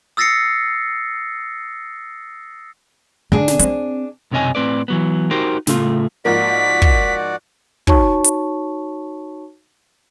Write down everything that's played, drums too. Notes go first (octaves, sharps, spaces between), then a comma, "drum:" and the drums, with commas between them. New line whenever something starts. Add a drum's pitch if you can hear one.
D#6 E6 A6 A#6 C7 C#7
D3 D4 G#4
drum: snare
C4, drum: hi-hat
B1 F#2 C3 C#5 D#5 G#5
A2 C4 B4 D5
E3 F#3 B3
D#4 F#4 G4 A#4 C5
A2 C#3 A3 F4, drum: snare
G#2 F3 A#3 F#4 D5 F#5 B6
drum: kick
D#4 F#4 C#5 A5 C#6, drum: kick
drum: hi-hat